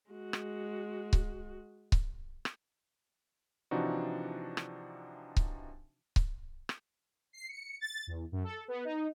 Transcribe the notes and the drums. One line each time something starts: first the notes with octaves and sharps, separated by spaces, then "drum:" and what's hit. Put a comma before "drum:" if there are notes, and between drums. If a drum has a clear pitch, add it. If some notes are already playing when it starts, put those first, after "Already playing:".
G#3 F#4
drum: rim click
drum: kick C#1
drum: kick C#1
drum: rim click
C3 E3 F3 D4 D#4 F#4
drum: rim click
drum: kick C#1
drum: kick C#1
drum: rim click
C7
C#7
A6
E2
F#2
A4
B3
D#4